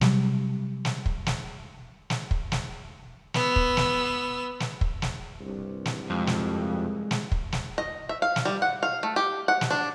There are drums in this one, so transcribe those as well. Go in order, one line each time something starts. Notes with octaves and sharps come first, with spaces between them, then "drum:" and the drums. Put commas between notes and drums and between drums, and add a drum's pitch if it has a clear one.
C3 F#3 G3, drum: snare
drum: snare
drum: kick
drum: snare
drum: snare
drum: kick
drum: snare
B3 E6, drum: snare
drum: kick
drum: snare
drum: snare
drum: kick
drum: snare
C2 G2
drum: snare
F2 G#3
drum: snare
drum: snare
drum: kick
drum: snare
D#5
E5
F5
drum: snare
G3
F#5
F5
A3
G4
F#5
drum: snare
D4